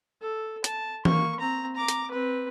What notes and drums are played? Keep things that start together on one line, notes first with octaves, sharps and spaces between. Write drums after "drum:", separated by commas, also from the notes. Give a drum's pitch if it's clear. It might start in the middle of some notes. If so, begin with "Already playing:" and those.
A4
A5, drum: hi-hat
A#3 C#6, drum: tom E3
C4 A#5
A#5 D6
drum: hi-hat
C4 B4